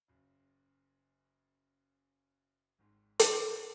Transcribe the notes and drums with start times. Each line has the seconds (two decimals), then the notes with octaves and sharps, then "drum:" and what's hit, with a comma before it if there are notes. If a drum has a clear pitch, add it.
0.08 F#1 F#2 C#3
2.78 G#1 G#2 D#3 G#3
3.19 drum: hi-hat